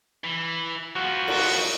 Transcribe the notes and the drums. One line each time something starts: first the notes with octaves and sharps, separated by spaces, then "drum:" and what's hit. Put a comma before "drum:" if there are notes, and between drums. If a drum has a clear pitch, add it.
E3
F3 B3 F#4
drum: cymbal